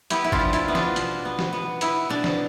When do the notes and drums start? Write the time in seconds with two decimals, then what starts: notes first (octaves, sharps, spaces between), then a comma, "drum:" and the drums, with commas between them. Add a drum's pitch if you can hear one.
0.10 B3 E4 G4, drum: hi-hat
0.24 E4
0.32 D4 F4, drum: kick G#1
0.40 F3
0.53 E4, drum: hi-hat
0.68 B3
0.75 D4 F4, drum: snare
0.96 B2, drum: hi-hat
1.25 B3
1.39 drum: snare
1.53 B3
1.81 B3 E4, drum: hi-hat
2.09 B2 D4
2.24 drum: snare